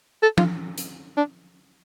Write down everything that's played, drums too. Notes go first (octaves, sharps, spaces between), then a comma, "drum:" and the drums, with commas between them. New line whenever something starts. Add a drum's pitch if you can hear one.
A4
F4, drum: tom F3
drum: hi-hat
D4